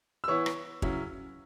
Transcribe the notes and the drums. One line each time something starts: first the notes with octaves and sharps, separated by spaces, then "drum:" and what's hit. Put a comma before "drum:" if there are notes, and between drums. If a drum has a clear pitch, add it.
E6
E3 B3 E4 C#5 C#6
drum: rim click
C#3 F#3 C#4 E4, drum: kick